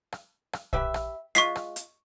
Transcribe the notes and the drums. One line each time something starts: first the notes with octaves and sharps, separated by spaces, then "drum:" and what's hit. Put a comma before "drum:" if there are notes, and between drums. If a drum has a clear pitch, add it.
drum: rim click
drum: rim click
G4 B4 E5, drum: kick A#1
drum: rim click
G#3 F4 C#6 B6 C7, drum: hi-hat
drum: rim click
drum: hi-hat